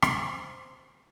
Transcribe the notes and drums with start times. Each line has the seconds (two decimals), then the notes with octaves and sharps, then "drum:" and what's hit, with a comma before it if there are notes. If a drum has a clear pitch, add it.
0.02 C5 G#5, drum: rim click